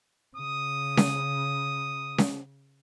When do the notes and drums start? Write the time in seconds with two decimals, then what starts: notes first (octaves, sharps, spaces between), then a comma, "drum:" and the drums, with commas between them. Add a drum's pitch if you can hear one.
0.37 C#3 D#6
0.97 drum: snare C#4
2.18 drum: snare C#4